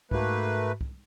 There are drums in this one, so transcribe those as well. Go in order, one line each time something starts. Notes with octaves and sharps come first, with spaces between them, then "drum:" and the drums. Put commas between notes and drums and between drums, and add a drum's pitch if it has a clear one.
G#2 A3 A#3 F#4 B4, drum: kick
drum: kick